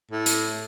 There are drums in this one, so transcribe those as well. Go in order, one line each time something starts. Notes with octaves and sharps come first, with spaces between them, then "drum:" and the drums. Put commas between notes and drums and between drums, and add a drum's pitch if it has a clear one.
A2
drum: hi-hat